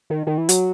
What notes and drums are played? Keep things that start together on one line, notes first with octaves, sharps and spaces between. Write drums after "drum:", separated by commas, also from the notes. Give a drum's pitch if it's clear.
D#3
D#3
E3
F#3, drum: hi-hat